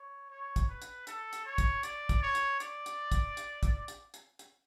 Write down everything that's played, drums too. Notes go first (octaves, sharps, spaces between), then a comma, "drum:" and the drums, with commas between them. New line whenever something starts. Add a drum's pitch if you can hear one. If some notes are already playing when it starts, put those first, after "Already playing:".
Already playing: C#5
C#5
drum: kick, hi-hat
B4
drum: hi-hat
A4, drum: hi-hat
drum: hi-hat
C#5
drum: kick, hi-hat
D5, drum: hi-hat
drum: kick, hi-hat
C#5
drum: hi-hat
D5, drum: hi-hat
drum: hi-hat
drum: kick, hi-hat
drum: hi-hat
drum: kick, hi-hat
drum: hi-hat
drum: hi-hat
drum: hi-hat